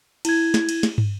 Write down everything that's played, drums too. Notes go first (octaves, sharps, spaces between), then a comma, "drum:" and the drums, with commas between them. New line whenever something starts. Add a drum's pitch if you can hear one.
E4 G#6, drum: cymbal
drum: snare
drum: cymbal
drum: snare
drum: tom